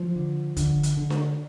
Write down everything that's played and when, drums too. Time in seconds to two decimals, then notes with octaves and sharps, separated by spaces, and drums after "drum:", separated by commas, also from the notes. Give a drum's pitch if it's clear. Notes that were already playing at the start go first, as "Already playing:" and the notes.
Already playing: F3
0.16 D3
0.57 D3, drum: kick, hi-hat
0.83 drum: hi-hat
0.97 D3
1.10 drum: snare D4